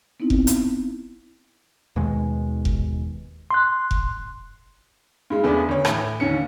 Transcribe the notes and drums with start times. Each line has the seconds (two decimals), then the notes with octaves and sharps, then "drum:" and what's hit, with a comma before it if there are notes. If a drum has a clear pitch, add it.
0.20 B3 C4 D#4 E4
0.30 drum: kick F1
0.47 drum: hi-hat
1.96 D#2 B2 D#3 G#3
2.65 drum: kick F1
3.51 C6 F#6
3.91 drum: kick F1
5.30 G2 G#3
5.44 E2 C#3 A3 B3 D4
5.69 D2 C#5
5.85 A2 E3, drum: rim click
6.20 D#2 D3 C#4 C#7